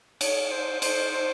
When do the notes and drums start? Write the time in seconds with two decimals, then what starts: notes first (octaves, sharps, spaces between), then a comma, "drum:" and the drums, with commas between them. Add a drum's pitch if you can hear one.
0.21 C#5, drum: cymbal
0.51 C5
0.82 C5, drum: cymbal
1.12 C5